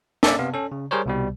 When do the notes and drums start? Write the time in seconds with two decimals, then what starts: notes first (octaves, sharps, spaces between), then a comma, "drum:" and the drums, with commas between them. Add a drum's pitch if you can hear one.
0.23 A#3 C#4 D4 A4 D5 E5, drum: snare
0.39 C3 B3 F5
0.54 C#4 A4
0.72 C#3
0.91 G3 G#4 A#4 C5 C#5
1.06 C2 B2 G3